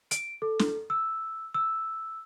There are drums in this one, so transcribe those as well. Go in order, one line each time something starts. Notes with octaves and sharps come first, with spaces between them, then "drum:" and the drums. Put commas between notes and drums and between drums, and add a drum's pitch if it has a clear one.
D7, drum: hi-hat
A4
drum: snare
E6
E6